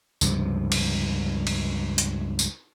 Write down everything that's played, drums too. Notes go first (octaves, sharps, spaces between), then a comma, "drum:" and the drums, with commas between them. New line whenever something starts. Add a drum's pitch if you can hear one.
C#2 G2 C3 F3, drum: tambourine
drum: cymbal
drum: cymbal
drum: hi-hat
drum: tambourine